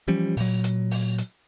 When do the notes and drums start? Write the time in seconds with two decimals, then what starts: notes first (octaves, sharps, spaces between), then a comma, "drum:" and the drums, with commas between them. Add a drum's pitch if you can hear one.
0.08 E3 F3 G3 C#4
0.37 A#2 F#3, drum: open hi-hat
0.64 drum: hi-hat
0.91 drum: open hi-hat
1.18 drum: hi-hat